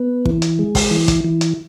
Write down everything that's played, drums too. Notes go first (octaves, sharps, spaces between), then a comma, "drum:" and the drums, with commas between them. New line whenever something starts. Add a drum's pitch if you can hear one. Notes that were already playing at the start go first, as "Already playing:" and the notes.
Already playing: B3
E3, drum: kick
drum: hi-hat
G#3
drum: kick, open hi-hat
E3
drum: kick, hi-hat
E3
drum: hi-hat